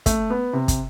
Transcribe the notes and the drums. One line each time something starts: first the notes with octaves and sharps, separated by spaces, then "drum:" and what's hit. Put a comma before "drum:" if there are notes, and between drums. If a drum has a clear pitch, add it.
A3, drum: kick, hi-hat
B3
C3
drum: kick, hi-hat